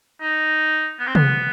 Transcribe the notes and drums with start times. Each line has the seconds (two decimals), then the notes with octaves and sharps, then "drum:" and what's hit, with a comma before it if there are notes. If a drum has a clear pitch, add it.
0.21 D#4
0.99 B3
1.07 C4
1.15 B3, drum: tom C3